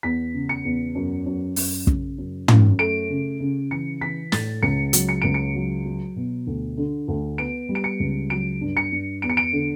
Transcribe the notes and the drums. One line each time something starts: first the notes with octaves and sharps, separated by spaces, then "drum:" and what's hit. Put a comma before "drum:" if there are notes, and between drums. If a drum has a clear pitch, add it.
E2 B6
C#3
C#7
E2
F#2
F#2
F#2, drum: open hi-hat
C#3, drum: kick
F#2
F#2, drum: tom
A3 D7
C#3
C#3
E3 C#7
E3 B6
A2 A6, drum: snare
C#2 C#7
F#3, drum: hi-hat
C#7
C#2 D7
C#7
F#3
F#3
B2
D2
D3
D2
B3 D7
G3
D7
C#7
C#2
F#3 D7
G2
C#7
G2
E2 D7
C#7
D7
D3